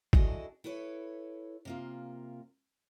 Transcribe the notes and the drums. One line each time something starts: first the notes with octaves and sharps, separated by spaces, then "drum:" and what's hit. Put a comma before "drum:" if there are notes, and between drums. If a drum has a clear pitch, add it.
D4 E4 F#4 G#4 A4 D#5, drum: kick
E4 A4 B4 C#5
C3 A#3 F4